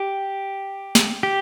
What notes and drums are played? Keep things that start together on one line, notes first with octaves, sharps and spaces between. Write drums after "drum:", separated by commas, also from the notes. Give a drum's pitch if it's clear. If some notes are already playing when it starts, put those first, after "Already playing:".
Already playing: G4
drum: snare
G4